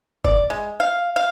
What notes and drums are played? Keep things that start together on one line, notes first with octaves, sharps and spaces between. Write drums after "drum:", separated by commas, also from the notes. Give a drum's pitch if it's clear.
D5, drum: kick
G#3
F5
F5